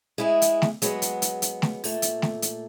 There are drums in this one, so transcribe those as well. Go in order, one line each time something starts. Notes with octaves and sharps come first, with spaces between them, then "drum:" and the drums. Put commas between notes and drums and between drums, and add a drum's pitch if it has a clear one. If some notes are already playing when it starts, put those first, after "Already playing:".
G#3 E4 G#4
drum: hi-hat
drum: snare A3
F#3 G#3 B3, drum: hi-hat
drum: hi-hat
drum: hi-hat
drum: hi-hat
drum: snare A3
A#2 A3, drum: open hi-hat
drum: hi-hat
drum: snare A3
drum: hi-hat